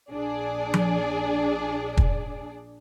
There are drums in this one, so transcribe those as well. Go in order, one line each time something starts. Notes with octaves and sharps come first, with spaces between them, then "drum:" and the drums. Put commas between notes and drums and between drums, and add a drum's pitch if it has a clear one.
A#1 D4 G#4 D5
drum: tom F3
drum: kick